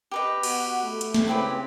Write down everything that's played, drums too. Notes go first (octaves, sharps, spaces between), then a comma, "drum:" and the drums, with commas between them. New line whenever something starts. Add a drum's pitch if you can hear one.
G4 B4 D#5
B3 F#4, drum: cymbal
A3
drum: hi-hat
drum: snare
C#3 C4 E4 G4 B4